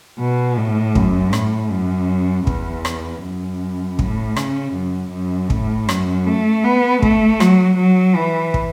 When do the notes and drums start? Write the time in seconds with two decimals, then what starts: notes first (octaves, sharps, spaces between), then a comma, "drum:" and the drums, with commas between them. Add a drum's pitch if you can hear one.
0.19 B2
0.58 A2
0.95 F#2, drum: kick
1.33 A2, drum: rim click
1.71 F#2
2.47 E2, drum: kick
2.85 drum: rim click
3.23 F#2
3.99 A2, drum: kick
4.36 C#3, drum: rim click
4.75 F#2
5.12 F#2
5.50 A2, drum: kick
5.89 F#2, drum: rim click
6.26 A3
6.64 B3
7.02 A3, drum: kick
7.40 F#3, drum: rim click
7.78 F#3
8.16 E3
8.54 drum: kick